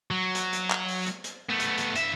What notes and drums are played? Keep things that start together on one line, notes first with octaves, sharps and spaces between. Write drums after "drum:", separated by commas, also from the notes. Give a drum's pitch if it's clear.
F#3
drum: hi-hat
drum: hi-hat
drum: clap
drum: open hi-hat
drum: hi-hat
drum: hi-hat
A3 B3
drum: hi-hat
drum: hi-hat
G2 E5, drum: hi-hat